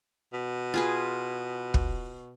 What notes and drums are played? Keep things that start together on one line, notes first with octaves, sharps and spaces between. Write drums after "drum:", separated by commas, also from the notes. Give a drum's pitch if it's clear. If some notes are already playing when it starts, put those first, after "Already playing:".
B2
F4 G#4 B4
drum: kick